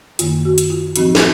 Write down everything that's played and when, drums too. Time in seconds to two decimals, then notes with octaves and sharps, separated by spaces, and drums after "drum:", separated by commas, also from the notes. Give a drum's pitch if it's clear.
0.19 F#2 D#3 A#3 F4, drum: hi-hat
0.45 F#4
0.58 drum: hi-hat
0.70 F4
0.96 A2 F3 C4 D#4 F#4, drum: hi-hat
1.15 drum: snare